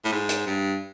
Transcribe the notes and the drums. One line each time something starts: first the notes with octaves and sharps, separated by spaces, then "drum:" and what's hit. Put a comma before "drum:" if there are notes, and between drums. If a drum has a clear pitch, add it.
A2
G#2
drum: hi-hat
G2